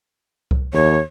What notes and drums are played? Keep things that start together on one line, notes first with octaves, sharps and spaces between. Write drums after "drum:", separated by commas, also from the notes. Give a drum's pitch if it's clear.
drum: kick C2
D#2 C#5